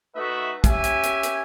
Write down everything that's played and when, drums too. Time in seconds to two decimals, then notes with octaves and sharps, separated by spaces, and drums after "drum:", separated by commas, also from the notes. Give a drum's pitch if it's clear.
0.15 A3 D#4 F#4 B4 E5
0.64 C#4 G4 E5 G#5, drum: kick, hi-hat
0.84 drum: hi-hat
1.03 drum: hi-hat
1.23 drum: hi-hat